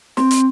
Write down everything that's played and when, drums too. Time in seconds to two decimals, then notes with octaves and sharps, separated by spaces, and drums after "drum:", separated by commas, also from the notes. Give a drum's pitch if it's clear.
0.17 C4, drum: snare
0.31 drum: hi-hat